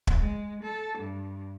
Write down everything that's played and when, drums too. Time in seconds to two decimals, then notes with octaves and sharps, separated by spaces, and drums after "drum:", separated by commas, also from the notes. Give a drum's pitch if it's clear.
0.07 drum: kick
0.19 G#3
0.64 A4
0.99 G2